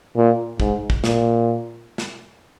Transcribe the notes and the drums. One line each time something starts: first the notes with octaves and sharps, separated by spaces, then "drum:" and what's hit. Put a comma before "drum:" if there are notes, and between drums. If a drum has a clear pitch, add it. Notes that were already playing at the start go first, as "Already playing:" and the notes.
A#2
G#2, drum: kick
drum: kick
A#2, drum: snare
drum: snare